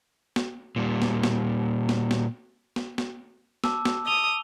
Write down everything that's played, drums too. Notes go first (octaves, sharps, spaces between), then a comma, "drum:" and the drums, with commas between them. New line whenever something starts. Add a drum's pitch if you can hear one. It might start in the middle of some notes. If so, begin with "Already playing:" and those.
drum: snare
A#2 G3
drum: snare
drum: snare
drum: snare
drum: snare
drum: snare
drum: snare
A5 D6 E6, drum: snare
drum: snare
A5 D#6 F7 G7